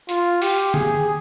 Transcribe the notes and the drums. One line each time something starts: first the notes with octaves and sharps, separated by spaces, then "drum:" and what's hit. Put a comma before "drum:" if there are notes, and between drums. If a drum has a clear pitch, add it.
F4, drum: hi-hat
G4, drum: open hi-hat
G#4, drum: tom